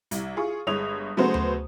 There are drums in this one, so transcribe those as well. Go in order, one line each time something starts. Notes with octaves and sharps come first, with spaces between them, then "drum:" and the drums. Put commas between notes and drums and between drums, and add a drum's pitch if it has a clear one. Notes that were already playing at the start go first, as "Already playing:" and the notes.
C2, drum: hi-hat
F4 G#4 C#6
G1 G#3 C#5 D#6 F7
C#3 F#3 A3 B3 F#4 C5
drum: tom D2